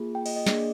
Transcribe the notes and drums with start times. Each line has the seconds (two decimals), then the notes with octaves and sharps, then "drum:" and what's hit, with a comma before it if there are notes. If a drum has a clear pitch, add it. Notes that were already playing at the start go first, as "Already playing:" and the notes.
Already playing: A#3 F4 G#4
0.15 G5
0.26 D#5, drum: cymbal
0.36 D#5
0.46 A#3 D4 G#4 D5, drum: snare